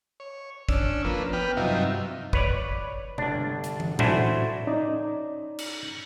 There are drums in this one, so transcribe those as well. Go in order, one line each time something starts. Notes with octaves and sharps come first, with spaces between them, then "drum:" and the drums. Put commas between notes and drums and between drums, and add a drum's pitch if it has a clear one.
C#5
C#4 D4 E6, drum: kick
F3 A#3 B4
B3 B4 G5 F6
G2 C3 F#3 D#4 F4 E5
B4 C#5 D5, drum: kick
G1 D4, drum: tom C3
drum: hi-hat
drum: tom
A3 D4 E4 F#4 C5 G#5, drum: tom A2
C#4 D#4 D5 A#5
drum: cymbal